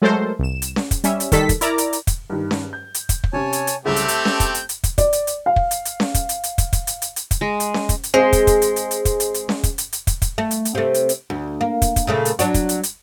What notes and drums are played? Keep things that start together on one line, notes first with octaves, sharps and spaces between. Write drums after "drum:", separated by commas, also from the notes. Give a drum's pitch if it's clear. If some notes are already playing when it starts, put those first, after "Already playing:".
F#3 G#3 A3 A4 A#4 C5
C2 E7
drum: hi-hat
drum: snare C#4
drum: kick, hi-hat
G3 C#4 E5, drum: hi-hat
drum: hi-hat
D#3 G3 A4 B6, drum: kick, hi-hat
drum: kick, hi-hat
E4 A#4 D5 A#5 D6, drum: hi-hat
drum: hi-hat
drum: hi-hat
drum: kick, hi-hat
G2 D#3
drum: snare C#4
G6
drum: hi-hat
drum: kick, hi-hat
drum: kick
C3 C#4 C#5 G#5 A5
drum: hi-hat
drum: hi-hat
C2 C#3 A3 C4 G4 E5
drum: hi-hat
A5, drum: hi-hat
drum: snare C#4
G6, drum: kick, hi-hat
drum: hi-hat
drum: hi-hat
drum: kick, hi-hat
D5, drum: kick, hi-hat
drum: hi-hat
drum: hi-hat
F5
drum: kick
drum: hi-hat
drum: hi-hat
drum: snare C#4
drum: kick, hi-hat
drum: hi-hat
drum: hi-hat
drum: kick, hi-hat
drum: kick, hi-hat
drum: hi-hat
drum: hi-hat
drum: hi-hat
drum: kick, hi-hat
G#3
drum: hi-hat
drum: snare C#4
drum: kick, hi-hat
drum: hi-hat
G#3 C4
drum: kick, hi-hat
drum: kick, hi-hat
drum: hi-hat
drum: hi-hat
drum: hi-hat
drum: kick, hi-hat
drum: hi-hat
drum: hi-hat
drum: snare C#4
drum: kick, hi-hat
drum: hi-hat
drum: hi-hat
drum: kick, hi-hat
drum: kick, hi-hat
A3
drum: hi-hat
drum: hi-hat
C3 A3
drum: hi-hat
drum: hi-hat
D2
A#3
drum: kick, hi-hat
drum: kick, hi-hat
A#2 C#3 A3
drum: hi-hat
F#3 D4 F#4, drum: hi-hat
drum: kick, hi-hat
drum: hi-hat
drum: hi-hat